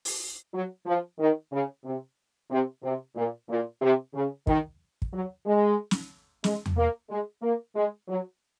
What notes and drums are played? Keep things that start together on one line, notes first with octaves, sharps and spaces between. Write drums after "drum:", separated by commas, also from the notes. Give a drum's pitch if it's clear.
drum: open hi-hat
F#3
F3
D#3
C#3
C3
C3
C3
A#2
A#2
C3
C#3
D#3, drum: kick
drum: kick
F#3
G#3
drum: snare
G#3, drum: snare
drum: tom E2
A#3
G#3
A#3
G#3
F#3